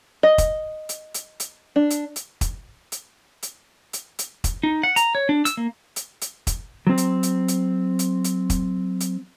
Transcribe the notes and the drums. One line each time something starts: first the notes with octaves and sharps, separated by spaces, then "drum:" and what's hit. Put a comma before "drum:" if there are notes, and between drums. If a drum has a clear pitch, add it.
D#5
drum: kick, hi-hat
drum: hi-hat
drum: hi-hat
drum: hi-hat
D4
drum: hi-hat
drum: hi-hat
drum: kick, hi-hat
drum: hi-hat
drum: hi-hat
drum: hi-hat
drum: hi-hat
drum: kick, hi-hat
D#4
F#5
A#5, drum: hi-hat
C#5
D4
E6, drum: hi-hat
A#3
drum: hi-hat
drum: hi-hat
drum: kick, hi-hat
F#3 C4
drum: hi-hat
drum: hi-hat
drum: hi-hat
drum: hi-hat
drum: hi-hat
drum: kick, hi-hat
drum: hi-hat